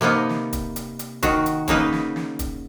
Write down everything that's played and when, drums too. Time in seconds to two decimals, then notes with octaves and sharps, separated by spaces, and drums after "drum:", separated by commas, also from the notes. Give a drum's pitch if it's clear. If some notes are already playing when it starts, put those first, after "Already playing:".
0.01 C3 A#3 B3 D#4
0.29 drum: snare
0.53 drum: kick, hi-hat
0.76 drum: hi-hat
0.99 drum: hi-hat
1.23 D#3 F#4, drum: kick, hi-hat
1.46 drum: hi-hat
1.68 C#3 A#3 D#4 B4, drum: kick, hi-hat
1.92 drum: snare
2.16 drum: snare
2.39 drum: kick, hi-hat